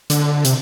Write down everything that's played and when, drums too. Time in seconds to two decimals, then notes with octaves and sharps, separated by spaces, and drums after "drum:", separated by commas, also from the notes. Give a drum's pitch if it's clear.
0.10 D3, drum: hi-hat
0.45 C3, drum: hi-hat